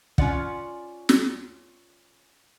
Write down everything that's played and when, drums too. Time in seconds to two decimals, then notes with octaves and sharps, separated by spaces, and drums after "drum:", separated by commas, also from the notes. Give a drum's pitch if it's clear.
0.18 C#4 F4 D5 F#5, drum: kick
1.09 drum: snare